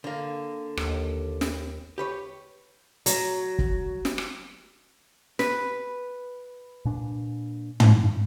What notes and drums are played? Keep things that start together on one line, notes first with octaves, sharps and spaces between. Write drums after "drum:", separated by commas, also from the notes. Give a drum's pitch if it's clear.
D3 A#3
D#2, drum: rim click
drum: snare
G4 B4 C#5
F#3, drum: hi-hat
drum: kick
drum: snare
drum: rim click
B4, drum: snare
A#2 D4
drum: tom